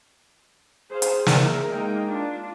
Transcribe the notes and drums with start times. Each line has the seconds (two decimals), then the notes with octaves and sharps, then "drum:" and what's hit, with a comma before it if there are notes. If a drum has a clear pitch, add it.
0.90 G#4 C5 F5
1.02 drum: hi-hat
1.26 G#4 A#4 E5, drum: snare
1.68 G#3 A#3 D#4 A#4 G5
2.08 D4 F4